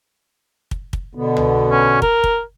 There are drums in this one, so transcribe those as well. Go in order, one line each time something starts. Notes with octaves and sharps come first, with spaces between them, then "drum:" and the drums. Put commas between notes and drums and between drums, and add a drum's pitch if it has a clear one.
drum: kick
drum: kick
B2 D3 B3
drum: tom C2
C#4
A#4, drum: kick
drum: kick